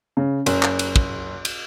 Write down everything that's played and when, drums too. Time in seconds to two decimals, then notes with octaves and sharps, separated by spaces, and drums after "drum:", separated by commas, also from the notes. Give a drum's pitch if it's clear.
0.17 C#3
0.46 F#1, drum: cymbal
0.63 drum: clap
0.79 drum: cymbal
0.96 drum: kick
1.45 drum: cymbal